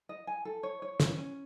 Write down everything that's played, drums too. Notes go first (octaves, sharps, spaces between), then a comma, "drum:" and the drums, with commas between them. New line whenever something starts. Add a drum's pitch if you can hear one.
D#5
G#5
A4
C#5
C#5
C#4, drum: snare
C#4